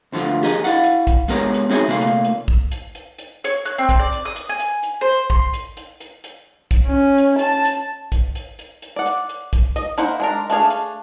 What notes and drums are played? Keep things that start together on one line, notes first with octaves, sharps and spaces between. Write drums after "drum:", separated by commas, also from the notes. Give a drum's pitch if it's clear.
D2 D3 F3 A3 F4
G4 G#4 A#4 D#5
E4 F5 F#5
drum: hi-hat
drum: kick, hi-hat
G#3 B3 G4 A#4 C#5 D5, drum: hi-hat
drum: hi-hat
C4 D#4 F#4 G#4 C#5 E5
C3 A3 A#3 F5
drum: hi-hat
drum: hi-hat
drum: kick
drum: hi-hat
drum: hi-hat
drum: hi-hat
C#5, drum: hi-hat
F#6, drum: hi-hat
C4
drum: kick, hi-hat
D5
drum: hi-hat
D#6
drum: hi-hat
G#5
drum: hi-hat
drum: hi-hat
C5
C6, drum: kick
drum: hi-hat
drum: hi-hat
drum: hi-hat
drum: hi-hat
drum: kick, hi-hat
C#4
drum: hi-hat
A5, drum: hi-hat
drum: hi-hat
drum: kick, hi-hat
drum: hi-hat
drum: hi-hat
drum: hi-hat
D5 F#5
drum: hi-hat
drum: hi-hat
drum: kick, hi-hat
D#5, drum: hi-hat
A#3 E4 C5 E5 F#5, drum: hi-hat
G#3 D4 A#4
A3 D4 G#4 F5, drum: hi-hat
drum: hi-hat